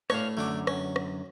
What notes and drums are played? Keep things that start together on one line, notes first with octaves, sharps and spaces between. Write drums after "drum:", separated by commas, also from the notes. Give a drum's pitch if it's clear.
A2 D4 C#5 F5 C#6, drum: rim click
F#2 D3 F#3 A3 D4 D6
C#4, drum: rim click
drum: rim click